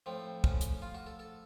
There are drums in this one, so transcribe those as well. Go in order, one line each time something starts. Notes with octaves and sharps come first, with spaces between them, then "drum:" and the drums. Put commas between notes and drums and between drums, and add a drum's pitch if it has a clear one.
A2 F3 C4
C#4, drum: kick
drum: hi-hat
F4
F#4
A4
A4